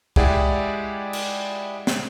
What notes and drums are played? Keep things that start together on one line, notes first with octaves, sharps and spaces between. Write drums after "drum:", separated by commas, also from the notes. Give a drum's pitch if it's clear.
G#3 E4 G4 G#4 D5 F#5, drum: kick
drum: cymbal
drum: snare